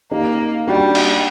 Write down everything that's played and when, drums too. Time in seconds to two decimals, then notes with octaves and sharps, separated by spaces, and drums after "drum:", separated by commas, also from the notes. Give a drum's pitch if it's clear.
0.11 A#3 D#4 G4
0.67 G3 D4 F#4
0.95 drum: cymbal